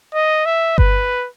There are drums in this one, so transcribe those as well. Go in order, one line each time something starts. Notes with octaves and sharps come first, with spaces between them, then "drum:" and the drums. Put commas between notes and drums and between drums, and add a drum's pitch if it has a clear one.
D#5
E5
B4, drum: kick G1